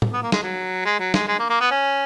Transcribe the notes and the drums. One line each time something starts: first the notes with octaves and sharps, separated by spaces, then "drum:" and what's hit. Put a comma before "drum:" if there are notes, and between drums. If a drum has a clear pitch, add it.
drum: tom A2
B3
A#3
G#3, drum: snare
F#3
G#3
F#3
G#3, drum: snare
G#3
A#3
A#3
B3
C#4